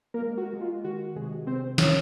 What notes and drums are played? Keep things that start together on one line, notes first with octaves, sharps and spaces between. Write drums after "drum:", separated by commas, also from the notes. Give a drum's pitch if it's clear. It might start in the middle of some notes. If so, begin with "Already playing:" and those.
A#3 A#4
G#3
F#4
G#3
F4
D#3 F#4
C3 G#3 G#4
C3 C4 C5
D#3 C#4 C#5, drum: snare